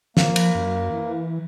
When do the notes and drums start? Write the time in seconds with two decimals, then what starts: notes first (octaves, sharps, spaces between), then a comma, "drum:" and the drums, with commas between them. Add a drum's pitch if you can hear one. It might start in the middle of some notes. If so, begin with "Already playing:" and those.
0.17 F3 A#3, drum: snare
0.36 drum: cymbal
0.55 F#2
0.90 E3